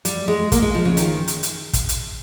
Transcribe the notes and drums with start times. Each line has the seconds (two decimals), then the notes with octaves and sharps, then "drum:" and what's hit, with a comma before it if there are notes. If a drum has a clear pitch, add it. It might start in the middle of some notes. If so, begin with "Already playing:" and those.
0.05 G3, drum: hi-hat
0.28 G#3
0.52 A#3, drum: kick, hi-hat
0.62 G#3
0.74 F3
0.85 C#3
0.97 D#3, drum: hi-hat
1.28 drum: hi-hat
1.43 drum: hi-hat
1.73 drum: kick, hi-hat
1.89 drum: hi-hat